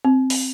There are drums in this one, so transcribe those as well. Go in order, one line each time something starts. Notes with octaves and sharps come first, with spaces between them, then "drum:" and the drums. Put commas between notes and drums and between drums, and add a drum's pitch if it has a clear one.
C4
drum: open hi-hat